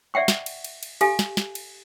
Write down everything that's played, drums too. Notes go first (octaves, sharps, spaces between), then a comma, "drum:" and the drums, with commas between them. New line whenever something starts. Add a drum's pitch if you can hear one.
D5 E5 F#5 G5 C#6
drum: snare
drum: cymbal
drum: cymbal
drum: cymbal
G4 A4 F5 G#5, drum: cymbal
drum: snare
drum: snare
drum: cymbal